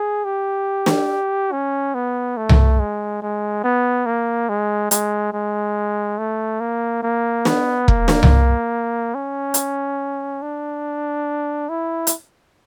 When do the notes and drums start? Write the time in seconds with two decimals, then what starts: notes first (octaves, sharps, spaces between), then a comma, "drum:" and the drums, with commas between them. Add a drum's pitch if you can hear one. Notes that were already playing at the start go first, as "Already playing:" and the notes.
Already playing: G#4
0.24 G4
0.86 drum: snare
1.52 C#4
1.94 B3
2.37 A3
2.49 drum: tom C2
2.79 G#3
3.22 G#3
3.64 B3
4.06 A#3
4.49 G#3
4.91 G#3, drum: hi-hat
5.33 G#3
6.18 A3
6.60 A#3
7.03 A#3
7.45 B3, drum: snare
7.88 A#3, drum: kick E1
8.08 drum: snare
8.23 drum: tom C2
9.15 C#4
9.54 drum: hi-hat
10.42 D4
11.69 E4
12.07 drum: hi-hat